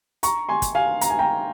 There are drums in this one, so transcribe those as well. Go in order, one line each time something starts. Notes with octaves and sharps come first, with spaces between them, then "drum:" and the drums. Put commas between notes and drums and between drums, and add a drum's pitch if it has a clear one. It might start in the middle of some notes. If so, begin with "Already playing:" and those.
A#5 C#6, drum: hi-hat
G#5 C6
drum: kick, hi-hat
F5 G#5
A#5, drum: hi-hat
G#5
G5 A#5